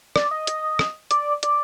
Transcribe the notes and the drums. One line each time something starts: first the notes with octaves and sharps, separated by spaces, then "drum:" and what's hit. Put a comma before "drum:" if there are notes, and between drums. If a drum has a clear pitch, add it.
D5, drum: rim click
D#5
drum: hi-hat
drum: rim click
D5, drum: hi-hat
D5, drum: hi-hat